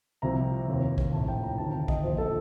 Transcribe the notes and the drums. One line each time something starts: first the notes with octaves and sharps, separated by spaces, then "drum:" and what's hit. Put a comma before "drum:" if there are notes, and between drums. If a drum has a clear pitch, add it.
C2 C3 F3 A#5
F1 D#2 D#3
drum: kick A#1
A#1 A2 F3 A5
G5
A#5
D2 C3 D#3 A5
G5
D#5, drum: kick A#1
A#1 A#2 F3 C5
A4